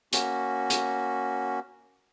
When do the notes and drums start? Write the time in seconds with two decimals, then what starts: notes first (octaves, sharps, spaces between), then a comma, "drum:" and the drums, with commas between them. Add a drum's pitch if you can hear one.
0.13 A#3 C#4 F#4, drum: hi-hat
0.70 drum: hi-hat